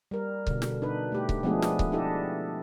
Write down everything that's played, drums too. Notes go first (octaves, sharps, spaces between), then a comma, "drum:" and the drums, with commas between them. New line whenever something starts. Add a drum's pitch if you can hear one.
G3 A#4
B2 D3, drum: kick C#1
drum: snare
D4 D#4 B4
A3 G4
drum: kick C#1
F3 G#3 A3 B3 D4 G#4
drum: snare
drum: kick C#1
D4 E4 G4 A4 D#5